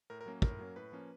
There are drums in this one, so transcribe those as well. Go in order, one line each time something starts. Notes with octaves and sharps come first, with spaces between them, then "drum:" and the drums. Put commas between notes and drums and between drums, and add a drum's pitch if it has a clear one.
A2 A#4
A#4
F#3 A#3 C#4
A2 A#4, drum: kick
F#3 A#3 C#4
A2 B4
F3 A#3 C#4